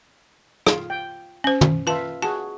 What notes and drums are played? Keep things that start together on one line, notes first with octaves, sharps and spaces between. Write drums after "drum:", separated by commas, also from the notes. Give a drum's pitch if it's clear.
F4, drum: rim click
G5
C#4 C5
drum: tom
F4 B4 E5 A5
F#4 G#4 A5